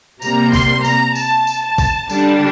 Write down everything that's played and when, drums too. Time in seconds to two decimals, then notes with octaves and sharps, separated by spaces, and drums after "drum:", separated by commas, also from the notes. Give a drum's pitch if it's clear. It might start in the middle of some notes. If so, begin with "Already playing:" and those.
0.22 C3 G3 A#3 A#5, drum: tambourine
0.53 C6, drum: kick, tambourine
0.84 A#5, drum: tambourine
1.15 A5, drum: tambourine
1.47 drum: tambourine
1.63 A5
1.78 drum: kick, tambourine
2.10 D3 G3 D4 A5, drum: tambourine